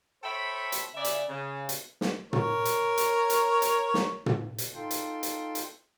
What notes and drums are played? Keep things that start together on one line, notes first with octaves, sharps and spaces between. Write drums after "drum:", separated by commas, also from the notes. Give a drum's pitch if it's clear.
A4 C5 C#5 E5 G5 B5
drum: hi-hat
C#3 D5 E5
drum: hi-hat
C#3
drum: hi-hat
drum: snare
A#4 C#5, drum: tom
drum: hi-hat
drum: hi-hat
drum: hi-hat
drum: hi-hat
drum: snare
drum: tom
drum: hi-hat
D#4 F4 A4 G5 C6
drum: hi-hat
drum: hi-hat
drum: hi-hat